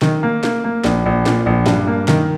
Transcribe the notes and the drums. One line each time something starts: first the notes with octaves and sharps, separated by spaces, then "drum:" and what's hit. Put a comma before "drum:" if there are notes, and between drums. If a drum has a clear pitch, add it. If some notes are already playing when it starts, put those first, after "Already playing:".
D#3, drum: snare
A#3
A#3, drum: snare
A#3
A#1, drum: snare
A#1
A#2, drum: snare
A#1
G2, drum: snare
A#3
D#3, drum: snare